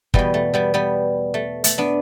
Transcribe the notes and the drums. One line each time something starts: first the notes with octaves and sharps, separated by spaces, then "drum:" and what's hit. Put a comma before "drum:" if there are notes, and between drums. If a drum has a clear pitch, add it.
E2 B2 G3 B3, drum: kick
A3
G3 B3
G3 B3
A3
A3, drum: hi-hat
B3 D4